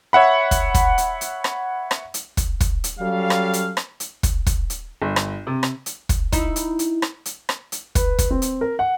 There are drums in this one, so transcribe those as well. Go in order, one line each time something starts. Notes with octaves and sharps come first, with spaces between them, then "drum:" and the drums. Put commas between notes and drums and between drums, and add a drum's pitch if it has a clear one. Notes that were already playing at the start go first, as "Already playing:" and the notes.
C#5 E5 F#5 B5
drum: kick, hi-hat
drum: kick, hi-hat
drum: hi-hat
drum: hi-hat
drum: rim click
drum: rim click
drum: hi-hat
drum: kick, hi-hat
drum: kick, hi-hat
drum: hi-hat
F#3 G3 C#4 A4 F5
drum: rim click
drum: hi-hat
drum: rim click
drum: hi-hat
drum: kick, hi-hat
drum: kick, hi-hat
drum: hi-hat
G1
drum: rim click
C3
drum: rim click
drum: hi-hat
drum: kick, hi-hat
D#4 E4, drum: kick, hi-hat
drum: hi-hat
drum: hi-hat
drum: rim click
drum: hi-hat
drum: rim click
drum: hi-hat
B4, drum: kick, hi-hat
drum: kick, hi-hat
C4
drum: hi-hat
A#4
F#5